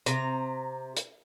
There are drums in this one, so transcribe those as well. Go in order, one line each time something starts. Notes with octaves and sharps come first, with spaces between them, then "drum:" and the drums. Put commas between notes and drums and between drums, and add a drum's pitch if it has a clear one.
C3 A#5, drum: hi-hat
drum: hi-hat